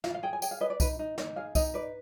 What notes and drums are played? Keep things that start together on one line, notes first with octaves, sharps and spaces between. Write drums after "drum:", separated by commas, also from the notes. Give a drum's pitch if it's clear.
F4 F5, drum: snare
F5
G#4 G5
G#5
G#4 G5, drum: tambourine
F5
B4 D#5
D5
D#4 B4, drum: kick C2, tambourine
D#4
D#4 D5, drum: snare
G#4 F5
D#4 D#5, drum: kick C2, tambourine
B4 D5